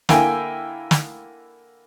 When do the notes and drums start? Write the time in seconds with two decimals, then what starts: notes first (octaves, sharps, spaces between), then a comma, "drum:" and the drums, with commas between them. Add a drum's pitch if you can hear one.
0.09 D3 A#3 E4 G5 G#5, drum: snare
0.91 drum: snare